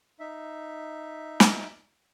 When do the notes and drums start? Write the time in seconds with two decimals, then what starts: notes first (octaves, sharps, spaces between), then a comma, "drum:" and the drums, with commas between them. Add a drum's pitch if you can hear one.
0.20 D#4 E5
1.40 drum: snare